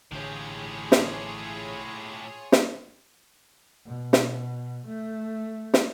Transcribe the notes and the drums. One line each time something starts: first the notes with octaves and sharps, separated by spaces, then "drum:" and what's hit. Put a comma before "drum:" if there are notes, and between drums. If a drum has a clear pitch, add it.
A1 A2 D3 F4 G4 G#4 C#5
drum: snare
drum: snare
B2
drum: snare
A3
drum: snare